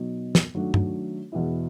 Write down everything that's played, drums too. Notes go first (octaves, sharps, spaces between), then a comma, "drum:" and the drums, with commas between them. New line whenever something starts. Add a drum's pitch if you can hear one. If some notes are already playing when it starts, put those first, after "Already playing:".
Already playing: B2 F#3 B3 D#4 F#4
drum: snare
D#3 F#3 A3 D4 F#4
drum: tom
E2 B2 G#3 B3 E4